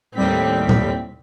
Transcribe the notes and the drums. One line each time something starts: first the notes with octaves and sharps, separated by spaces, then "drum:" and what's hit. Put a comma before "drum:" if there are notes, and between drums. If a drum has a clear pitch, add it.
D#2 A2 G3 C4 B6
drum: tom A#2